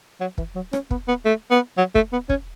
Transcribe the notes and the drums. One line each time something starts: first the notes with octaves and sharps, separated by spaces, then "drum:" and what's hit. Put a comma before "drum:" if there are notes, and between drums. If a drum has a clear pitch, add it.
F#3
E3, drum: kick
F#3
C#4, drum: rim click
B3, drum: kick
B3
A3
B3
F#3
A3, drum: kick
B3
C#4, drum: kick